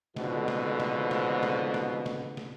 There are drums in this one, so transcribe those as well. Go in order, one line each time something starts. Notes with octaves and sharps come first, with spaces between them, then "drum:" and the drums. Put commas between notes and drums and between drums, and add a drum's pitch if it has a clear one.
F2 G#2 B2 D3, drum: snare
drum: snare
drum: snare
drum: snare
drum: snare
drum: snare
drum: snare
drum: snare